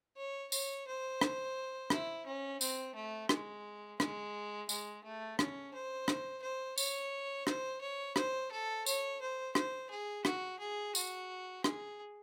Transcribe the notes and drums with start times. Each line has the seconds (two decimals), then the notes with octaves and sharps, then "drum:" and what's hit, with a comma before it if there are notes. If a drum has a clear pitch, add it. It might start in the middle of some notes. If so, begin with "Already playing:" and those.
0.17 C#5
0.52 C#5, drum: tambourine
0.87 C5
1.21 drum: rim click
1.90 E4, drum: rim click
2.26 C#4
2.61 C4, drum: tambourine
2.95 A3
3.29 G#3, drum: rim click
4.00 G#3, drum: rim click
4.69 G#3, drum: tambourine
5.04 A3
5.39 C#4, drum: rim click
5.74 C5
6.08 drum: rim click
6.42 C5
6.78 C#5, drum: tambourine
7.47 C5, drum: rim click
7.81 C#5
8.16 C5, drum: rim click
8.51 A4
8.86 C#5, drum: tambourine
9.21 C5
9.55 C5, drum: rim click
9.90 G#4
10.25 F#4, drum: rim click
10.59 G#4
10.95 F#4, drum: tambourine
11.64 G#4, drum: rim click